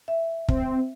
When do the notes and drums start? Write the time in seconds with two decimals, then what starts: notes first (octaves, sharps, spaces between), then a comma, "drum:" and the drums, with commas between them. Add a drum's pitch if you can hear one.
0.08 E5
0.49 C4, drum: kick